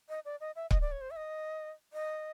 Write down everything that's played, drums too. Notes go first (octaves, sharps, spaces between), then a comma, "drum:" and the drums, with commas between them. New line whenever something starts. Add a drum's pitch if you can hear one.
D#5
D5
D#5
E5
D#5, drum: kick C#1
D5
C#5
C5
E5
D#5
D#5